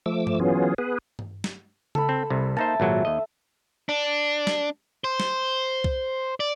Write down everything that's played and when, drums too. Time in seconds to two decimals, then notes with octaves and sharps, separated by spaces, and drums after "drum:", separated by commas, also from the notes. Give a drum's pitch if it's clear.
0.06 F3 A3 D6 E6
0.27 drum: tom G2
0.40 E3 F#3 B3 C#4 F4 G#4
0.78 B3 G#4 B4
1.19 drum: tom G2
1.44 drum: snare
1.95 A4 B5, drum: tom C#3
2.09 C4
2.30 C2 C3
2.57 A#3 D#4 C5 E5 A5
2.80 G#1 A#2 F#3
3.05 D#2 D#5
3.89 D4
4.47 drum: snare
5.04 C5
5.20 drum: snare
5.84 drum: kick C2
6.40 D5